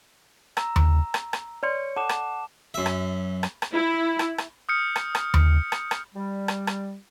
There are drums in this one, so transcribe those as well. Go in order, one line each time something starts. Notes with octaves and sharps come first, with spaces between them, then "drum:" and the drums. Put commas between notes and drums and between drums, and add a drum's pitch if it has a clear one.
A#5 E6, drum: rim click
drum: tom D#2
drum: rim click
drum: rim click
B4 C#5 D5 C6 C#7
A4 F#5 A5 D6 E7
drum: rim click
F#2 E5
drum: rim click
drum: rim click
drum: rim click
E4
drum: rim click
drum: rim click
D#6 F6 G6 C#7
drum: rim click
drum: rim click
drum: tom D#2
drum: rim click
drum: rim click
G3
drum: rim click
drum: rim click